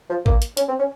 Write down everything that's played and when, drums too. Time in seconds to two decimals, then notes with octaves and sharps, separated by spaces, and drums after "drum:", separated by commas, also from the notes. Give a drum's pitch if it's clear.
0.10 F3
0.26 A#3, drum: kick
0.42 drum: hi-hat
0.57 C#4, drum: hi-hat
0.68 C4
0.79 C#4